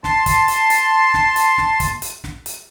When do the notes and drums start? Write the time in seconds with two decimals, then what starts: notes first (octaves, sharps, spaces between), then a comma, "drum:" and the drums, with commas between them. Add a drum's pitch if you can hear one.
0.04 A5 C6, drum: snare
0.26 drum: kick, hi-hat
0.48 drum: hi-hat
0.70 drum: hi-hat
1.14 drum: snare
1.36 drum: hi-hat
1.58 drum: snare
1.80 drum: kick, hi-hat
2.02 drum: hi-hat
2.24 drum: snare
2.46 drum: hi-hat